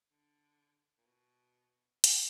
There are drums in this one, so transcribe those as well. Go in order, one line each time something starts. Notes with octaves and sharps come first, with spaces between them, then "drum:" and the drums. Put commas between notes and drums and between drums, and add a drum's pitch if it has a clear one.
D3
A#2
B2
A#2, drum: hi-hat